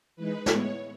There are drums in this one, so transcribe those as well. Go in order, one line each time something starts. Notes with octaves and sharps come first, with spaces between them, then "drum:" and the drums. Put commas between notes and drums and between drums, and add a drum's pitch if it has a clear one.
E3 G#3 D#4 B4
A2 G#3 B3 E4 C#5, drum: snare